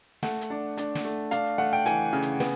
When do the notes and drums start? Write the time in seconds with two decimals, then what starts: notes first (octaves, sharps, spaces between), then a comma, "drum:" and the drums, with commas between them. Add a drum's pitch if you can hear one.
0.23 A3 F#5, drum: snare
0.41 drum: hi-hat
0.50 D4
0.78 D4, drum: hi-hat
0.95 drum: snare
1.05 A3
1.31 D4 F5, drum: hi-hat
1.58 A3 F#5
1.73 G5
1.86 E3 G#5, drum: hi-hat
2.13 C#3
2.22 drum: hi-hat
2.40 B3, drum: snare